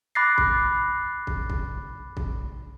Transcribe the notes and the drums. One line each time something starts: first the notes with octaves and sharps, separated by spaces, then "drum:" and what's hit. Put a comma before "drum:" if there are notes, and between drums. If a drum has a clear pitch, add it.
B5 D6 F#6 A6 A#6 C7
drum: kick
drum: kick
drum: kick
drum: kick